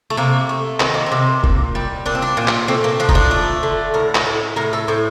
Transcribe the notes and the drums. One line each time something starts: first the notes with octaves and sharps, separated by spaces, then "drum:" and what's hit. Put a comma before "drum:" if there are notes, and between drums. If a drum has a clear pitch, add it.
A3
C3 A#3
A3
D#3 C4, drum: clap
A#3
C4
C3
A#2, drum: kick
G3
A#2 D4
C4
D4
A#2
drum: clap
A3 C4
A#3
F3 D4
D#4, drum: kick
D4
A3
D3
A2 A#4
A#4, drum: clap
A2
A2 A#4
A4
A2 C5